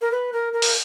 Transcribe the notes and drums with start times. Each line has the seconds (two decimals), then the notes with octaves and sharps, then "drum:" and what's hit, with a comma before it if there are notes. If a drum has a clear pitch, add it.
0.01 A#4
0.12 B4
0.33 A#4
0.53 A#4
0.62 drum: open hi-hat